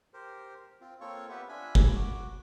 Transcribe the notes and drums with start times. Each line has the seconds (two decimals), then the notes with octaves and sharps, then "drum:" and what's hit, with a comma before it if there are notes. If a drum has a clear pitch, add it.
0.13 G4 A#4 C5
0.81 C4 F4
1.01 A#3 C4 F4 A4 C#5 C#6
1.29 B3 G4 B4 E5 F#5
1.49 D4 F4 E5 G#5 B5
1.75 drum: kick
1.94 F#4 D6